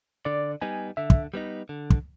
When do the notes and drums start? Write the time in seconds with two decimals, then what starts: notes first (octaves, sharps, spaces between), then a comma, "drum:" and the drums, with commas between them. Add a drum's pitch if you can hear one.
0.25 D3 D5
0.62 G3 B3 D#4 G#5
0.97 D3 E5
1.10 drum: kick
1.34 G3 B3 D#4
1.69 D3
1.90 drum: kick